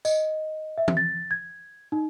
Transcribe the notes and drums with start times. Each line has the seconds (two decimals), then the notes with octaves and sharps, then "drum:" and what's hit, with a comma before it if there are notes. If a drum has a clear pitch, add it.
0.05 D#5, drum: tambourine
0.78 E5
0.88 drum: tom E3
0.97 A6
1.31 G#6
1.92 D#4